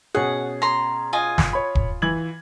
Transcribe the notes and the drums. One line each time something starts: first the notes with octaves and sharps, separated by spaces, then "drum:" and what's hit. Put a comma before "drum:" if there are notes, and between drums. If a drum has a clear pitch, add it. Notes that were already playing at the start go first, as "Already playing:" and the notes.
B2 C#4 G#4 F#5
A#5 C6
F4 D#5 G#5
drum: snare
C#5 B5
drum: kick
E3 G#6 F#7